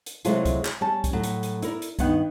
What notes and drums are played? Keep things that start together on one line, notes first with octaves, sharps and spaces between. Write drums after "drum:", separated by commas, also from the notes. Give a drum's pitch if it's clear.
drum: hi-hat
C3 F#3 G#3 A3 E4 F4, drum: hi-hat
drum: kick, hi-hat
drum: clap
G3 C#4 A5
drum: kick, hi-hat
A2 F#3
drum: hi-hat
drum: hi-hat
E4 A#4 D5, drum: hi-hat
drum: hi-hat
G2 D#3 B3 F#5, drum: kick, hi-hat